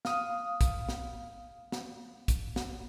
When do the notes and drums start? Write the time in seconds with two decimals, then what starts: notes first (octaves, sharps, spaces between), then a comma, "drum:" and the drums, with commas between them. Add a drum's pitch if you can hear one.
0.05 F5 D#6, drum: snare
0.61 drum: kick, hi-hat
0.89 drum: snare
1.72 drum: snare
2.28 drum: kick, hi-hat
2.56 drum: snare